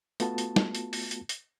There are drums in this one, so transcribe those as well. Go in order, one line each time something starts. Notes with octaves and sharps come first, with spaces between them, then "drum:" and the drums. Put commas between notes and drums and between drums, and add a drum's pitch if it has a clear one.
A3 B3 F4 F#4 A5, drum: hi-hat
drum: hi-hat
drum: snare
drum: hi-hat
drum: open hi-hat
drum: hi-hat
drum: hi-hat